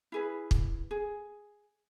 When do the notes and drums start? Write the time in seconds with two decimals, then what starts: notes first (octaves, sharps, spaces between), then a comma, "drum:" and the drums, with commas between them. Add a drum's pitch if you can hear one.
0.12 E4 G#4 B4
0.51 drum: kick
0.91 G#4